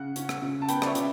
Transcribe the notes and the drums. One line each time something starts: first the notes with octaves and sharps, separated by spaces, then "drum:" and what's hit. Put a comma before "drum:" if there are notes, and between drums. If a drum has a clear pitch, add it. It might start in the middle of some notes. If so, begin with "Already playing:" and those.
Already playing: C#3 F#5
C#4, drum: hi-hat
drum: rim click
C#3
A5
B3 G5 B5, drum: hi-hat
D5, drum: rim click
C#5 E5
C#3, drum: hi-hat